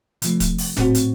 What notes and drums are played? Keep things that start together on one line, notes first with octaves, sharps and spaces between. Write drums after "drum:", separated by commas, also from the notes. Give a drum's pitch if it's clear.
C3 F3 A3, drum: hi-hat
drum: kick, hi-hat
drum: open hi-hat
A#1 A2 F#3 C4 F#4, drum: snare
drum: hi-hat